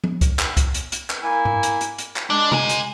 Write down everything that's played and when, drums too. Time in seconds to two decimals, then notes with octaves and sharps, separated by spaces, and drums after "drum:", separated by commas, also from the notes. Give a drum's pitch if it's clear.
0.04 drum: tom F3
0.21 drum: kick C2, hi-hat
0.39 drum: clap
0.57 drum: kick C2, hi-hat
0.74 drum: hi-hat
0.92 drum: hi-hat
1.10 drum: clap
1.23 A#3 E4 G#5
1.45 drum: tom
1.63 drum: hi-hat
1.81 drum: hi-hat
1.98 drum: hi-hat
2.16 drum: clap
2.30 G#3 D4
2.52 A#4 G#5, drum: tom
2.69 drum: hi-hat